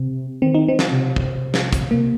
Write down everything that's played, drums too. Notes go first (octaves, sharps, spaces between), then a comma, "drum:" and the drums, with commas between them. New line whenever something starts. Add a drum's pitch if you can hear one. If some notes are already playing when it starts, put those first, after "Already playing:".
Already playing: C3 C4
D#3 C4
D#4
C4
drum: snare
C3
C3, drum: kick
drum: snare
drum: kick, hi-hat
C3 A#3